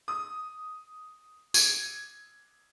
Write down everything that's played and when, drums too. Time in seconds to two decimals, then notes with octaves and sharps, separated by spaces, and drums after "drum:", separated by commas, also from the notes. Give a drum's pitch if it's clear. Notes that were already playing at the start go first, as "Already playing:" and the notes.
0.08 D#6
1.54 G#6, drum: tambourine